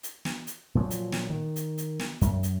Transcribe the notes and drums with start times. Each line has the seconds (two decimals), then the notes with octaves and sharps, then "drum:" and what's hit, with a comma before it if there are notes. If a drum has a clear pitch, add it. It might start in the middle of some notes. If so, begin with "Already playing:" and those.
0.03 drum: hi-hat
0.25 drum: snare
0.47 drum: hi-hat
0.75 A#2 F3 F#3
0.90 drum: hi-hat
1.12 drum: snare
1.30 D#3
1.56 drum: hi-hat
1.78 drum: hi-hat
1.99 drum: snare
2.21 F#2, drum: hi-hat
2.43 drum: hi-hat